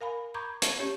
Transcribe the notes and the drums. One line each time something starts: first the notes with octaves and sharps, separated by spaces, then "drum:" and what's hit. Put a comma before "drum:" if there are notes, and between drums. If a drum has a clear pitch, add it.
A#4 F5 G#5 B5
A#5 B5 C#6 D6 G6 G#6
A5 C#6 G#6, drum: hi-hat
C#4 G4 C#5